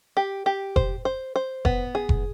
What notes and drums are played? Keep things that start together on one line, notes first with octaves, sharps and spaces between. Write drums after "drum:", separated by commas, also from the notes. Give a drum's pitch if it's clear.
G4
G4
C5, drum: kick F1
C5
C5
B3, drum: kick F1
G#4
drum: kick F1